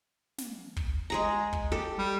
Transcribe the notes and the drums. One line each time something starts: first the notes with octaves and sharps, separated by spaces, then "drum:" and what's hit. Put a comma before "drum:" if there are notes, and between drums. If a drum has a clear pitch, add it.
drum: snare
drum: kick
G#3 G#4 A#5
drum: kick
G4 A4
G3